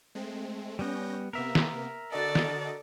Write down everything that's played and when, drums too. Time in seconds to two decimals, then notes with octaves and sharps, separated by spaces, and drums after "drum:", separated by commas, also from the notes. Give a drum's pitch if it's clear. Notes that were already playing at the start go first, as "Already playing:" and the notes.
0.15 G#3 A3 C4
0.79 G3 B3 C#4 G6 A#6
1.33 C3 A#3 B3 A#4 E5
1.55 drum: snare
2.12 D3 F#4 A4 D5 D#5
2.35 drum: snare